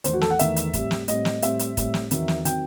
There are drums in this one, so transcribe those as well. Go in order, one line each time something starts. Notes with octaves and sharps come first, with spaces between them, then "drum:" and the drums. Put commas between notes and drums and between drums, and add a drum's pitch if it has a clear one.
E2 D#3 A3 C5, drum: hi-hat
F#4
A4, drum: snare
F#5
E2 D#3 A3 E5, drum: hi-hat
drum: hi-hat
A2 G3 C4, drum: kick, hi-hat
drum: snare
A2 G3 C4 D#5, drum: hi-hat
drum: snare
A2 G3 C4 E5, drum: hi-hat
drum: hi-hat
A2 G3 C4, drum: kick, hi-hat
drum: snare
E2 D#3 F#3 C4, drum: hi-hat
drum: snare
D#3 F#3 C4 G5, drum: hi-hat